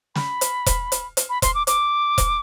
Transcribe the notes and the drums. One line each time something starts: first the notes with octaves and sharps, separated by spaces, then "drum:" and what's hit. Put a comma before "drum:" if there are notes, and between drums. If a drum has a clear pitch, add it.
B5, drum: snare
drum: hi-hat
drum: kick E1, hi-hat
drum: hi-hat
drum: hi-hat
B5
C6, drum: kick E1, hi-hat
D6
D6, drum: hi-hat
drum: kick E1, hi-hat